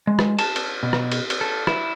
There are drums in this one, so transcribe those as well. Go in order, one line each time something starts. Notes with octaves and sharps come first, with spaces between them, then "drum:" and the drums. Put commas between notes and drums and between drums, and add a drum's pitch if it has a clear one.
G#3
drum: rim click
A5, drum: cymbal
drum: cymbal
B2
drum: rim click
drum: cymbal
drum: cymbal
A4
E4, drum: rim click